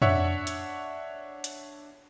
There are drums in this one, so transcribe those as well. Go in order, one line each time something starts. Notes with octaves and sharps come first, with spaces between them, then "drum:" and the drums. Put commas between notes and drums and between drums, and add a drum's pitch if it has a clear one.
D4 C#5 E5 F#5, drum: tom F2
drum: hi-hat
drum: hi-hat